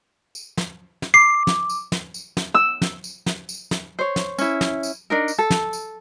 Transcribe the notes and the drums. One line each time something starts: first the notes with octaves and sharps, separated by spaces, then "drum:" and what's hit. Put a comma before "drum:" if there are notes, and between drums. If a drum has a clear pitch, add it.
drum: tambourine
drum: snare
drum: snare
D6 C7
drum: snare
drum: tambourine
drum: snare
drum: tambourine
drum: snare
E6
drum: snare
drum: tambourine
drum: snare
drum: tambourine
drum: snare
C5 C#5
drum: snare
C#4 E4, drum: tambourine
drum: snare
drum: tambourine
D4 D#4 A#4
drum: tambourine
A4
drum: snare
drum: tambourine